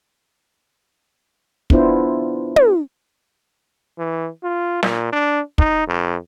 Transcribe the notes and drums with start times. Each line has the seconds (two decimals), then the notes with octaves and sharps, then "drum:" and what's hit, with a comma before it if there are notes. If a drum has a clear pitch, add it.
1.70 B3 D4 E4 F4 C5, drum: kick
2.56 drum: tom
3.98 E3
4.43 F4
4.83 A#2, drum: snare
5.12 D4
5.58 D#4, drum: kick
5.87 F2